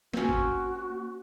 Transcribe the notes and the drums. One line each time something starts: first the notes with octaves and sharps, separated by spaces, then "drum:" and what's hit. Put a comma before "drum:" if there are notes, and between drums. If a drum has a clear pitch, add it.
A#3 C4 C#4 F#4, drum: snare
drum: kick G#1